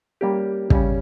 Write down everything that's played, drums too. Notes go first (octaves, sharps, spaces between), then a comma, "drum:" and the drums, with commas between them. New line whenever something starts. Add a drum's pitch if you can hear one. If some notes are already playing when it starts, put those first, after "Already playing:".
G3 A#3 C#4 G4
C#3 G3 C#4, drum: kick